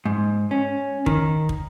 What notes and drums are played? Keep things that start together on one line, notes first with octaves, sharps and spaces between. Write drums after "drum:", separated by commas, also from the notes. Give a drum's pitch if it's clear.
G#2
C#4
D#3, drum: kick
drum: kick